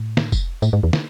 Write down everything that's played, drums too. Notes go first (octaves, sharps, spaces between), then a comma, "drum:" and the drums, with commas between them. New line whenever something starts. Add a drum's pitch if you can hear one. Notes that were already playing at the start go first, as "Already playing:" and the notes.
Already playing: A2
drum: snare
drum: kick F1, tambourine
A2, drum: tambourine
G#2
E2
drum: snare